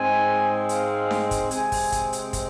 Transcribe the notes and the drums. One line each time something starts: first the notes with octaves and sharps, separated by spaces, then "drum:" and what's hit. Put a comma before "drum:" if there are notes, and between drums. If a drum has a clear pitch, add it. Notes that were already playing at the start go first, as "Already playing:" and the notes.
Already playing: G#2 G#3 C4 G#5
F5, drum: hi-hat
drum: snare D4
drum: kick, hi-hat
C3 G#3 C4 G#5, drum: hi-hat
drum: kick, open hi-hat
drum: kick, hi-hat
drum: hi-hat
drum: kick, hi-hat